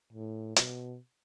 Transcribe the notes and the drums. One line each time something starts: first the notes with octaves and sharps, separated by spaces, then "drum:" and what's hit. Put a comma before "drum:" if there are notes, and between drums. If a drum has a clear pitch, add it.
A2
B2, drum: hi-hat